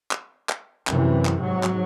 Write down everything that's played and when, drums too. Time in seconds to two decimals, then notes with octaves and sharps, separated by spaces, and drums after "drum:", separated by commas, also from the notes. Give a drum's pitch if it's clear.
0.11 drum: clap
0.49 drum: clap
0.87 F#2 C3 E3, drum: clap
1.25 drum: clap
1.41 G#2 F#3
1.63 drum: clap